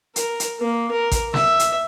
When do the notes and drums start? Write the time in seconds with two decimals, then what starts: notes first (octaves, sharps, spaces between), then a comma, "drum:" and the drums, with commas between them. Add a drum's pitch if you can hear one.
0.16 A#4, drum: hi-hat
0.40 drum: hi-hat
0.60 A#3
0.91 A#4
1.12 drum: kick A1, hi-hat
1.34 E5, drum: snare
1.59 drum: hi-hat